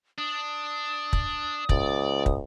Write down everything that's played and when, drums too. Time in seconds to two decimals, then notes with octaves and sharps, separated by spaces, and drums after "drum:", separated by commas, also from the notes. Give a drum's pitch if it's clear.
0.18 D4 D#6
1.13 drum: kick
1.69 C#2 D5, drum: kick
2.26 drum: kick